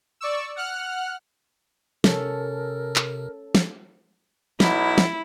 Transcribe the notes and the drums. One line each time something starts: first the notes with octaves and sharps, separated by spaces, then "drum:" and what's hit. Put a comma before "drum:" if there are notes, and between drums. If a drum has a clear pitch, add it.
D5 C#6 E6
F#5 F6 F#6
C3 C#4 A4 A#4, drum: snare
drum: clap
drum: snare
B1 E4, drum: snare
drum: snare